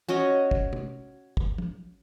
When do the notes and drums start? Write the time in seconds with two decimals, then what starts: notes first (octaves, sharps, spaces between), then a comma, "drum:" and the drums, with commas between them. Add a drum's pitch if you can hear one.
0.09 C#4 F#4 C#5 D#5
0.51 drum: kick
0.73 drum: tom C3
1.37 drum: kick
1.58 drum: tom